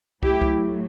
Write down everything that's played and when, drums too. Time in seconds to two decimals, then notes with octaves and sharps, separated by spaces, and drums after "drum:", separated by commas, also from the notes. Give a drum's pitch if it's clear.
0.23 A2 F#3 A3 E4 G4, drum: kick
0.42 drum: kick